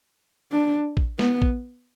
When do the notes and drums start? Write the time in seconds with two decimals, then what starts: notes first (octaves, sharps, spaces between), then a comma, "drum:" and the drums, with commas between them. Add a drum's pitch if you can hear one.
0.52 D4
0.97 drum: kick
1.19 B3, drum: snare
1.42 drum: kick